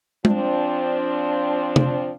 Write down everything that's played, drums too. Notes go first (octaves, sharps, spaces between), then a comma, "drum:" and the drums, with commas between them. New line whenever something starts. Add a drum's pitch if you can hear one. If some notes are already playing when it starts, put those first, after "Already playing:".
F3 C4 D4, drum: tom G#3
drum: tom C3